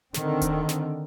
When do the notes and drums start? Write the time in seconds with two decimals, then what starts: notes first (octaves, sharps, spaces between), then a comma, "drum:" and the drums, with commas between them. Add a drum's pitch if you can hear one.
0.14 D3 D#3 C4, drum: snare
0.41 drum: kick E1, hi-hat
0.69 drum: snare